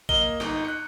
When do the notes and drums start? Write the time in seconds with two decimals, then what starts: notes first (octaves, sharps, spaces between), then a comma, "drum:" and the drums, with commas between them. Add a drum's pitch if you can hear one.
0.09 A#3 A#4 D#5 G7, drum: kick A#1
0.40 G1 D#4, drum: snare
0.65 F#6 C#7